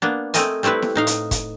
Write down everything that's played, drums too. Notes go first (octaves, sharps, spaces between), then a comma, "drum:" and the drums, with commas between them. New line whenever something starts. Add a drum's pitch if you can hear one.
A#3 B3 D4
A3 C4 A#4 D#5 G#5, drum: hi-hat
G3 A3 C4 E4 B4
drum: snare E4
A2 D#4 F5
drum: hi-hat
drum: kick, hi-hat